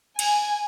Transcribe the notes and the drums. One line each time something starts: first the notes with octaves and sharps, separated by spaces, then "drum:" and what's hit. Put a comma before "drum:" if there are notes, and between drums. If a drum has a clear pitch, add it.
G#5, drum: cymbal